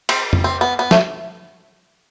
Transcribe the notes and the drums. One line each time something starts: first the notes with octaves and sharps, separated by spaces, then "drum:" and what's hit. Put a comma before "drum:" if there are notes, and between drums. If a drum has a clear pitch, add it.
C4, drum: cymbal
drum: tom F2
C4
B3
B3
A3, drum: snare